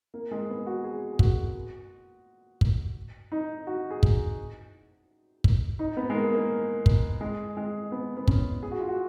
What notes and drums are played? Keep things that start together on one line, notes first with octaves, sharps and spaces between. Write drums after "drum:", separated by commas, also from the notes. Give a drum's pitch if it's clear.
A#3
G#3
B3
F#4
G#4
G#4
F#4, drum: kick
drum: kick
D#4
F#4
G#4
drum: kick
drum: kick
D#4
B3
G#3
A#3
A#3
drum: kick
G#3
G#3
B3
B3
C#4, drum: kick
G#4
F#4
F4
F#4